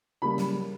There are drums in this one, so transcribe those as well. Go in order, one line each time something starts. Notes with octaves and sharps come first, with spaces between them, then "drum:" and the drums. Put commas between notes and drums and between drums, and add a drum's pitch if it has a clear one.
C#3 G3 A#3 B5
drum: snare